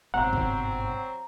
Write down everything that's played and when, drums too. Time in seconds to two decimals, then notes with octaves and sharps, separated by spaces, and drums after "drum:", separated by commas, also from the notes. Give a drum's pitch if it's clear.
0.14 G1 G#2 B2 F#3 C4 F#5 A#5
0.33 drum: kick F#1